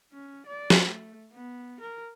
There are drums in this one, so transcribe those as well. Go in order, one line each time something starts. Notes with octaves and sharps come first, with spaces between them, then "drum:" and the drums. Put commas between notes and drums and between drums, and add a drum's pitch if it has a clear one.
C#4
D5
drum: snare
A3
B3
A#4